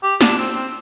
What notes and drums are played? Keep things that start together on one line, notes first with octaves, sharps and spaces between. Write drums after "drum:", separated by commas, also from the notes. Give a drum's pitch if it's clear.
G4
D4, drum: snare
C4
C4